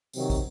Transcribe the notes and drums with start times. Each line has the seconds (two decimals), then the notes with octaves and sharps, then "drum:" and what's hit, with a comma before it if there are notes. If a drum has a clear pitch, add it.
0.13 C3 D#3 F#3, drum: tambourine
0.30 drum: kick, tambourine